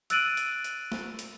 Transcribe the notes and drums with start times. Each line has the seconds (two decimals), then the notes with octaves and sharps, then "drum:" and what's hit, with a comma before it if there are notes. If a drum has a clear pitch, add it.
0.10 E6 F#6 A6 D7 D#7 F#7, drum: hi-hat
0.37 drum: hi-hat
0.64 drum: hi-hat
0.92 drum: snare
1.19 drum: hi-hat